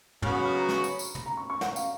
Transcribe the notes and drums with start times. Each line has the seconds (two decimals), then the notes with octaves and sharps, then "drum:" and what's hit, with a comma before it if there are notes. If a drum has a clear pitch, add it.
0.22 C#3 F#3 B3 F#4 F6, drum: tom
0.34 D#6
0.45 F6
0.57 A#5
0.69 C#6, drum: snare
0.84 drum: tambourine
0.99 drum: tambourine
1.15 B5, drum: tom
1.26 A#5
1.37 C#6
1.50 C#6
1.61 F#5, drum: snare
1.76 F5, drum: tambourine